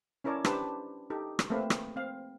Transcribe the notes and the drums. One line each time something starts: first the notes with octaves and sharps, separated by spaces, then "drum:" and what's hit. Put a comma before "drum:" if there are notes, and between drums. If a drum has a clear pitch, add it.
C#4 E4 A#4 C#5 D5 A5
D4 G4 B4 C5 D5 A5, drum: rim click
D#4 G4 A4
drum: rim click
A3 A#3 C4 B4 E5 F5
drum: rim click
C4 F5